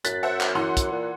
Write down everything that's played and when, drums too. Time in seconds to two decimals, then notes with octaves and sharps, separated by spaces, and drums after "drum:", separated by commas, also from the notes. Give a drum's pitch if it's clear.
0.05 F#2 F#6 A6 B6, drum: hi-hat
0.23 C5 E5 F#5
0.41 drum: clap
0.55 E3 F#5 C6
0.77 drum: kick, hi-hat
0.92 A#2